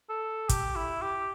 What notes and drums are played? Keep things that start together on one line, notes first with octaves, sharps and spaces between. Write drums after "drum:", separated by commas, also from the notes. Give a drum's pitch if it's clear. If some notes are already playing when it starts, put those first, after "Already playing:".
A4
G4, drum: kick, hi-hat
E4
G4